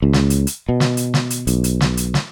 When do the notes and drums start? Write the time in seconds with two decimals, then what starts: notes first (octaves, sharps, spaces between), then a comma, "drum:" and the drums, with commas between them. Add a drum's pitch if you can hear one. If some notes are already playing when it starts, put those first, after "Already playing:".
0.02 C#2
0.13 drum: snare
0.30 drum: hi-hat
0.47 drum: hi-hat
0.69 B2
0.80 drum: snare
0.97 drum: hi-hat
1.14 drum: snare
1.30 drum: hi-hat
1.47 B1, drum: hi-hat
1.64 drum: hi-hat
1.81 drum: snare
1.97 drum: hi-hat
2.14 drum: snare